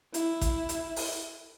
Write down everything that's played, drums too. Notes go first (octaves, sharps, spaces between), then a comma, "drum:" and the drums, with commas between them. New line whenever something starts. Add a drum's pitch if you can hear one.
E4, drum: hi-hat
drum: kick A1, hi-hat
drum: hi-hat
drum: open hi-hat